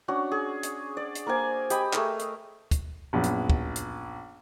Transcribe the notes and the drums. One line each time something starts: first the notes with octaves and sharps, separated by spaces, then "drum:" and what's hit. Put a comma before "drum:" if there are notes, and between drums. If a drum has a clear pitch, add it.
C#4 D4 F#4
G#4
drum: hi-hat
D5
drum: hi-hat
A#3 A#4 C5 G#5
G4 D#5 B5, drum: hi-hat
A3 G#4 A#4, drum: clap
drum: hi-hat
drum: kick, hi-hat
A#1 F#2 B3
drum: hi-hat
drum: kick
drum: hi-hat